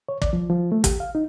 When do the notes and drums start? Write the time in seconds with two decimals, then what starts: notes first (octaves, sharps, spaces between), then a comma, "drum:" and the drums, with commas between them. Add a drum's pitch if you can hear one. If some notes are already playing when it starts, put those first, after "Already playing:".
0.09 C#5
0.22 D5, drum: kick
0.33 F3
0.50 F3
0.72 A3
0.84 G4, drum: kick, hi-hat
1.00 F5
1.15 D#4